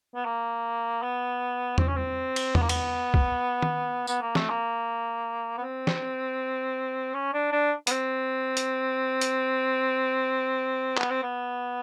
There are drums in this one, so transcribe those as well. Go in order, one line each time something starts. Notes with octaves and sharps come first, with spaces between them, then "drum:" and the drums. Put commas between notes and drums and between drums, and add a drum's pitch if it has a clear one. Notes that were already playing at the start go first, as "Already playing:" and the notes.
B3
A#3
B3
C4, drum: tom E2
C#4
C4
drum: cymbal
B3, drum: tom E2
A#3
B3, drum: cymbal
drum: kick
drum: tom D#3
B3, drum: tambourine
A#3
A3, drum: snare
A#3
B3
C4
drum: snare
C#4
D4
D4
B3, drum: hi-hat
C4
drum: hi-hat
drum: hi-hat
B3, drum: clap
C4
B3